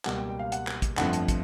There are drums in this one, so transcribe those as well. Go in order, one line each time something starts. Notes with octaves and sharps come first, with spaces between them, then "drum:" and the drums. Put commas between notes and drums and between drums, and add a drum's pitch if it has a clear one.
C#2 B2 G3 A#3 F#5, drum: clap
G5
G5
F5
F#5, drum: hi-hat
drum: clap
drum: kick, hi-hat
G1 F2 D3 F3 A3 F#5, drum: clap
drum: hi-hat
drum: kick, hi-hat